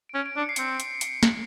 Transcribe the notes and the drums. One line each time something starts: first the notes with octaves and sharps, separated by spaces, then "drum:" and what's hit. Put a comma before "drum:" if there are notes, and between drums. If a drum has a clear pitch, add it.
D7
C#4
D7
D4
C#7
C7
C4 C#7, drum: hi-hat
drum: hi-hat
drum: hi-hat
drum: snare